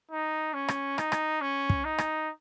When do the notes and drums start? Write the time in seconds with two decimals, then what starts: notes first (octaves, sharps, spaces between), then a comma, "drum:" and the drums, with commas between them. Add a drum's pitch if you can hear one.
0.11 D#4
0.54 C#4
0.68 drum: rim click
0.98 D#4, drum: rim click
1.12 drum: rim click
1.41 C#4
1.70 drum: kick
1.84 D#4
1.98 drum: rim click